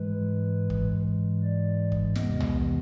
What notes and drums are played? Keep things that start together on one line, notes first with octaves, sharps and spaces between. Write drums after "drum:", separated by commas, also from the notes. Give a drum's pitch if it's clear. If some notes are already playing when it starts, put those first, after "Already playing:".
Already playing: G#2 E3 G#3 B4
drum: kick
D5
drum: kick
E2 C3 E3 G#3 B3 D#5, drum: snare
drum: tom